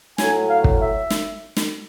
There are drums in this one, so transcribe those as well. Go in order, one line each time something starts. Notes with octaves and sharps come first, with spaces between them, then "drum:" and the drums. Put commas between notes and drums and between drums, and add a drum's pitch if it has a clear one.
A2 F#3 G#5, drum: snare
F5
drum: kick
E5
drum: snare
drum: snare